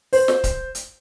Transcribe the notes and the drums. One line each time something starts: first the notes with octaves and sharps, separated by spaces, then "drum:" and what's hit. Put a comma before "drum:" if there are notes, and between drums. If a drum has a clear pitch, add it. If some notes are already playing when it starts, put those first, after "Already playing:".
C5, drum: open hi-hat
drum: snare
drum: kick D1, hi-hat
drum: hi-hat